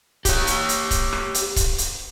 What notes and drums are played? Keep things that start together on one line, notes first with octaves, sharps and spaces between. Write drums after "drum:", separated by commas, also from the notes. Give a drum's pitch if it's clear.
G4 C#5, drum: kick C#1, hi-hat
drum: hi-hat
drum: hi-hat
drum: kick C#1, hi-hat
drum: rim click
drum: hi-hat
drum: kick C#1, hi-hat
drum: hi-hat